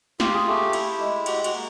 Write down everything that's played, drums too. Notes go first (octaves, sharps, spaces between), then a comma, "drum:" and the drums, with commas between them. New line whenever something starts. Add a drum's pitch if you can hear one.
F4 G4, drum: snare
G#4
A3 G4
E4, drum: cymbal
G#3
F#4 G4, drum: cymbal
F#4, drum: cymbal
A#3